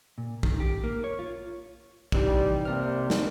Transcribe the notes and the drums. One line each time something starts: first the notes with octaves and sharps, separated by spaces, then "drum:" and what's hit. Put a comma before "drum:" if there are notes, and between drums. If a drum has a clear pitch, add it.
A#2
D#3, drum: kick
G4
A#3
C#5
F4
C3 E3 G3 D#4, drum: kick
C3 A#3 D5 F6
drum: snare